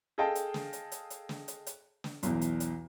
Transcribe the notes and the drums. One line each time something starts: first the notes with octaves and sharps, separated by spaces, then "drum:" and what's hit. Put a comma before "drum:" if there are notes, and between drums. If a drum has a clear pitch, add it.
G#4 A4 D#5 F5 G5 A5
drum: hi-hat
drum: snare
drum: hi-hat
drum: hi-hat
drum: hi-hat
drum: snare
drum: hi-hat
drum: hi-hat
drum: snare
B1 E2, drum: hi-hat
drum: hi-hat
drum: hi-hat